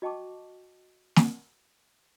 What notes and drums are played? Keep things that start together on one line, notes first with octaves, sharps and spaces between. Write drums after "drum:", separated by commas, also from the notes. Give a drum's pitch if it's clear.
F#4 D#5 G5 A5 C#6 D6
drum: snare